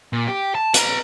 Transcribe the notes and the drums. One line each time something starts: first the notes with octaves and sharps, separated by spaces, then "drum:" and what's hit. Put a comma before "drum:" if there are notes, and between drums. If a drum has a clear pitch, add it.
A#2
G4
A5
B4 A#5, drum: hi-hat